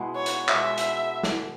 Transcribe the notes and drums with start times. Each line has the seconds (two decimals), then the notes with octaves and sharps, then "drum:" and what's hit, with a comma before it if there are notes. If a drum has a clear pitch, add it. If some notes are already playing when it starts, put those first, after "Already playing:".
Already playing: B2 G#3 E4
0.16 C#5
0.26 drum: hi-hat
0.49 B2 G#3 E4 E5, drum: clap
0.78 drum: hi-hat
1.23 drum: snare